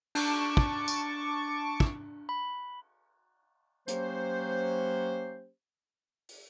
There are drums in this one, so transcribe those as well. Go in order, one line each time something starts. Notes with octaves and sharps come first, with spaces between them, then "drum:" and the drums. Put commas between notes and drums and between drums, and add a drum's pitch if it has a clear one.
D4 A5 C#6 D6, drum: cymbal
drum: kick
drum: tambourine
drum: kick
B5
F#3 A#3 C#4 G4 C5, drum: hi-hat
drum: open hi-hat